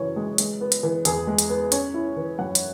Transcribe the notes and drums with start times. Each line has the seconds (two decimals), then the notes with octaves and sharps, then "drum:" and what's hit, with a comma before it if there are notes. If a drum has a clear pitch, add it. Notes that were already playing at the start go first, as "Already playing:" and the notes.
Already playing: F#2 C#3 E3 C#5
0.16 G#3
0.38 G#3, drum: hi-hat
0.61 B3
0.72 drum: hi-hat
0.83 E3
1.05 E2 G#4, drum: hi-hat
1.27 G#3
1.38 drum: hi-hat
1.50 B3
1.72 C#4 C#5, drum: hi-hat
1.94 E4
2.16 E3
2.39 F#2 F#5
2.55 drum: hi-hat